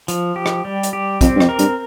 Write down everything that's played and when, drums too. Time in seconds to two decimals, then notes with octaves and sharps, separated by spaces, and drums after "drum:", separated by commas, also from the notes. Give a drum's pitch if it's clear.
0.08 F3, drum: hi-hat
0.36 G4
0.46 drum: rim click
0.65 G3
0.83 drum: hi-hat
0.93 G4
1.21 F2 C4, drum: kick, hi-hat
1.36 G2
1.40 F2, drum: rim click
1.49 A#4
1.59 G2, drum: hi-hat